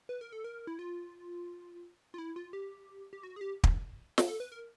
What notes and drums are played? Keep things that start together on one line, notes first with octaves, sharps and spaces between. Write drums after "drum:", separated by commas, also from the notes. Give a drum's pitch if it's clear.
B4
A#4
A4
A#4
E4
F4
F4
E4
F4
G4
G4
F#4
G#4
G4
drum: kick
drum: snare
A4
B4
A#4